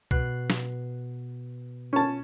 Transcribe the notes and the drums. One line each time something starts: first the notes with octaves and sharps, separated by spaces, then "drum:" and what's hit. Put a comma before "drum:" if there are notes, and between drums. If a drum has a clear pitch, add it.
B2 F#6 C7, drum: kick C2
drum: snare
C#4 A5